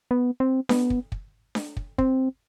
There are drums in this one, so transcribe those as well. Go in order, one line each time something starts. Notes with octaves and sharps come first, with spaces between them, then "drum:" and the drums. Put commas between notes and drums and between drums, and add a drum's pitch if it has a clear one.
B3
C4
B3, drum: snare D4
drum: kick
drum: kick
drum: snare D4
drum: kick
C4, drum: kick